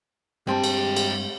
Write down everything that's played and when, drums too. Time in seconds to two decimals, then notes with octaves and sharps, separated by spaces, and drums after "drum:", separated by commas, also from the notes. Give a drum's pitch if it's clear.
0.47 G2 G#3 C4 G4 G5 A5
0.64 drum: cymbal
0.96 drum: cymbal